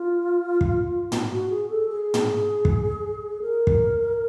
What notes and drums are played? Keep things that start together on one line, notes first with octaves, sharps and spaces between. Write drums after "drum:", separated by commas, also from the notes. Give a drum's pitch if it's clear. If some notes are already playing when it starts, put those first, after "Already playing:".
Already playing: F4
drum: kick
drum: tom
F#4
G#4
A4
G#4
drum: tom
drum: kick
A#4
drum: kick